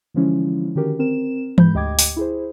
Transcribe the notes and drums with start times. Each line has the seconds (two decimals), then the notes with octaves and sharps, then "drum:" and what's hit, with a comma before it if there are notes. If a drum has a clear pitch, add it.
0.14 D3 E3 F3 G#3 C#4 E4
0.75 D3 D#3 C#4 F#4 G4 A#4
0.99 C4 A#4 E7
1.58 G#2 E3 G#3 B5 G6, drum: tom E3
1.74 D2 G4 D#5 G5 D6 G#6
1.99 drum: open hi-hat
2.16 E4 G#4 C5